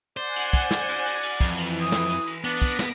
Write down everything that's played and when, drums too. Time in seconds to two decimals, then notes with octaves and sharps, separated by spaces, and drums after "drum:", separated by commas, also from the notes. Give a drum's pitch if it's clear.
0.17 C5 D5 F#5 G#5
0.36 drum: cymbal
0.53 drum: kick, cymbal
0.71 drum: snare
0.88 drum: cymbal
1.05 drum: cymbal
1.23 drum: cymbal
1.41 F2 E3, drum: kick, cymbal
1.58 drum: cymbal
1.82 D#6
1.92 drum: snare
2.10 drum: cymbal
2.27 drum: cymbal
2.44 B3 D4 A#6 B6 D7, drum: cymbal
2.62 drum: kick, cymbal
2.79 drum: snare